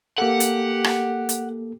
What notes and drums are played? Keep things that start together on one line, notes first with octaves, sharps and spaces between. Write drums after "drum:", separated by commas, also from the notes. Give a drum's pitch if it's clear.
A#3 G4 A4 F#5
drum: hi-hat
drum: rim click
drum: hi-hat